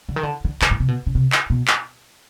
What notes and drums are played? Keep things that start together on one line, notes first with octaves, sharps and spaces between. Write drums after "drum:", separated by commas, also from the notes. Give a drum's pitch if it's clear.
D3
D#3
D3
D3
D3, drum: clap
A2
C3
B2
C#3
C3
drum: clap
B2
drum: clap